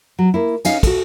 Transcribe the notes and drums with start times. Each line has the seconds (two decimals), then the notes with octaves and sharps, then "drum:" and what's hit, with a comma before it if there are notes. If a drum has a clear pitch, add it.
0.19 F#3
0.34 A#3 E4
0.65 C#4 D#4 F5, drum: cymbal
0.83 F#4 A4, drum: kick, cymbal